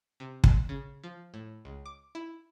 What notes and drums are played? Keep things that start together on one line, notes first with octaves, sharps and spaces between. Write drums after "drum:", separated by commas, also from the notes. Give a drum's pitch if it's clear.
C3
drum: kick
C#3
F3
A2
C#2
D6
E4